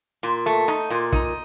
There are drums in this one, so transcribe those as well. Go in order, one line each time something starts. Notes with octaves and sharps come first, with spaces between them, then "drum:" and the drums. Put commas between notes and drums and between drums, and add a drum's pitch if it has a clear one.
A#2
A3, drum: hi-hat
D#4, drum: rim click
A#2, drum: hi-hat
D#4, drum: kick, hi-hat